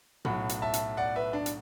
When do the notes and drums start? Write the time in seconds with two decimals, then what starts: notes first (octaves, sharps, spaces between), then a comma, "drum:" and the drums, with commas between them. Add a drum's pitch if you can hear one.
0.25 B1 A2 F#3 F#5 B5, drum: tom A#2
0.49 drum: hi-hat
0.62 E5 A5
0.74 drum: hi-hat
0.97 D5 F#5
1.16 B4 E5
1.33 D4
1.46 drum: hi-hat